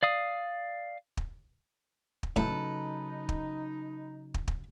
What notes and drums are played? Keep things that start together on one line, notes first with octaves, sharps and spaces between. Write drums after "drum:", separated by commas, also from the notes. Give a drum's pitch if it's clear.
D5 F5 D#6
drum: kick
drum: kick
A2 C#3 F#3 D#4 A4 B4, drum: kick
drum: kick
drum: kick
drum: kick